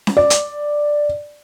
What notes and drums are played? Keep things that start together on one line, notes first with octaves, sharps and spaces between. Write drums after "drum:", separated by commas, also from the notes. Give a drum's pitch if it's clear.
drum: snare C#4
D5
drum: hi-hat